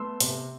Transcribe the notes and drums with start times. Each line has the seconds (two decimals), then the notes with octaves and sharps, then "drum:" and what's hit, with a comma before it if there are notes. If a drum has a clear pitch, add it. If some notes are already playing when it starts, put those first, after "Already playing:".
Already playing: A3 B3 C6 E6
0.20 C3, drum: hi-hat